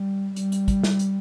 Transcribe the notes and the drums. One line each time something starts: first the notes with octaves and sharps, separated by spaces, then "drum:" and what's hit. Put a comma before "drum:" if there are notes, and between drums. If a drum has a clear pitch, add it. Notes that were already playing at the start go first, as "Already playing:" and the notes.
Already playing: G3
G3, drum: hi-hat
drum: hi-hat
drum: kick, hi-hat
drum: snare
drum: hi-hat